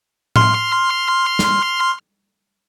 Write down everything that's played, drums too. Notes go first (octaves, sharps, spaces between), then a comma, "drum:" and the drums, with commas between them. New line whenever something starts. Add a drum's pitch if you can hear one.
C6 F6, drum: tom A2
drum: snare